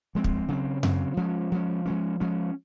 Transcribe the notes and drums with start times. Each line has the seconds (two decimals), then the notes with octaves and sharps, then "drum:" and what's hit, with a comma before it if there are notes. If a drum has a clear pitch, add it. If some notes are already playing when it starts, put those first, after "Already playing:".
0.15 F3 G#3 C4
0.24 drum: kick
0.48 C#3 F#3 C4
0.83 C#3 F#3 C4, drum: tom F#2
1.17 F3 G#3 C#4
1.52 F3 G#3 C#4
1.86 F3 G#3 C#4
2.20 F3 G#3 C#4